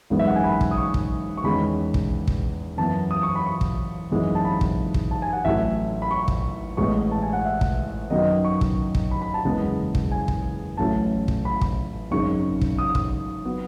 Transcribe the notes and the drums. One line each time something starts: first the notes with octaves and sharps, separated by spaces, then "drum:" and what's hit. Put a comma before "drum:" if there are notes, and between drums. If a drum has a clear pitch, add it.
G#1 F#2 E3 G#3 B3
E5
F#5
G#5
B5
drum: kick
D#6
C#6
drum: kick
C#6
E2 D#3 G#3 C#4 B5
drum: kick
drum: kick
F#2 E3 B3 A5
D#6
C#6
B5
C#6
drum: kick
G#1 F#2 E3 G#3 B3
A5
B5
drum: kick
drum: kick
A5
G#5
F#5
A1 A2 F#3 A3 E5
B5
C#6
drum: kick
A1 A2 G#3 B3 C#6
A5
G#5
F#5
E5
drum: kick
F#2 D#3 F#3 B3 D#5
C#6
drum: kick
drum: kick
B5
B5
A5
F#1 E2 C#3 G#3 B3
drum: kick
G#5
drum: kick
A1 A2 F#3 A3 C#4 A5
drum: kick
B5
drum: kick
G#1 F#2 C#3 G#3 C#6
drum: kick
D#6
drum: kick
F#3 B3